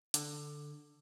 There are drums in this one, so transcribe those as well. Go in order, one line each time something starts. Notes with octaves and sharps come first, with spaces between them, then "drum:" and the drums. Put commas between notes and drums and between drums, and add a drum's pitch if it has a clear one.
D3, drum: hi-hat